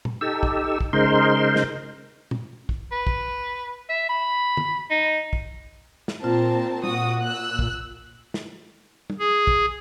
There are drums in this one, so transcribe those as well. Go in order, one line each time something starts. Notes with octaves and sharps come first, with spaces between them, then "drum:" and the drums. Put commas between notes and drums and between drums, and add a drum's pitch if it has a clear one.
drum: tom
D#4 G4 A4 E6
drum: kick
drum: kick
C#3 G#3 D#4 A#4 C5 C6
drum: snare
drum: tom
drum: kick
B4
drum: kick
E5
B5
drum: tom
D#4
drum: kick
drum: snare
A#2 C4 F4 A#4 A5
F#4 D#6, drum: tom
E6 F#6
drum: kick
drum: snare
drum: tom
G#4
drum: kick